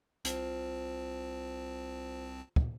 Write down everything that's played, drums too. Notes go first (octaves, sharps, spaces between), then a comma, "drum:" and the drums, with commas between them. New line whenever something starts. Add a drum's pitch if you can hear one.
C2 C4 F4 C5 A5, drum: hi-hat
drum: kick